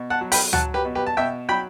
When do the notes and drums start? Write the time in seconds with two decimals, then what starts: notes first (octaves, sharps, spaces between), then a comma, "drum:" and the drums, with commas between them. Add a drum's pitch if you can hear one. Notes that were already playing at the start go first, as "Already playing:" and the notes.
Already playing: B2
0.10 F#5 A5
0.21 F#3
0.32 G5 B5, drum: open hi-hat
0.53 F#3 F#5 A5, drum: tom D2
0.74 G4 B4
0.85 B2
0.95 G4 B4
1.07 A5
1.17 B2 E5 G5
1.49 F#3 G5 B5